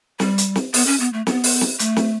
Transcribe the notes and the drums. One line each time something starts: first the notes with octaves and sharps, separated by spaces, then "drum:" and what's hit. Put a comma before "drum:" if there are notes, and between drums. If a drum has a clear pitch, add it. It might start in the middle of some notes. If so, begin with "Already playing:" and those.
G3, drum: snare
drum: hi-hat
drum: snare
B3, drum: open hi-hat
C#4
B3
A3
B3, drum: snare
drum: open hi-hat
drum: snare
A3, drum: hi-hat
drum: snare